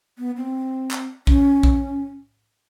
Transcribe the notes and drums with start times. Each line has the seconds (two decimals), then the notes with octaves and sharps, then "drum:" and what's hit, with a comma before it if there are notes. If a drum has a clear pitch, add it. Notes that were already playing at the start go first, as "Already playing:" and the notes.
0.18 B3
0.37 C4
0.91 drum: clap
1.27 C#4, drum: kick A#1
1.63 drum: kick A#1